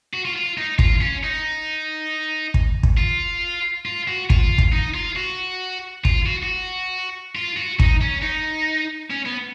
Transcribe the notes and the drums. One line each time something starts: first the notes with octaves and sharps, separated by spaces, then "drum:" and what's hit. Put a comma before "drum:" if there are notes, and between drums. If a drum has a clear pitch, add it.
F#4
F4
F4
D#4
F4, drum: kick
C#4
D#4
drum: kick
drum: kick
F4
F4
F#4
F4, drum: kick
drum: kick
D#4
F4
F#4
F4, drum: kick
F#4
F#4
F4
F#4
D#4, drum: kick
C#4
D#4
C#4
B3